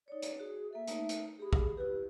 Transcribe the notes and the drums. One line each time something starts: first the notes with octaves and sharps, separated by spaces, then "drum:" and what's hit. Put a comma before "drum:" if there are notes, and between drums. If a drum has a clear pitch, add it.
D#4 C#5 D5
drum: hi-hat
F#4 G#4
A#3 A4 E5
A3 D#4 A#5, drum: hi-hat
drum: hi-hat
G4 G#4 B5
drum: kick A1
E4 G4 B4